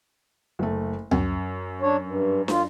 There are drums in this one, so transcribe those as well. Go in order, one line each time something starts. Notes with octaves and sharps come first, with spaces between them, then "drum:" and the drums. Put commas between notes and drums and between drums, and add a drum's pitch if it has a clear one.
F#1 A3
F#2, drum: tom C#2
D4 C#5
G2
F4, drum: snare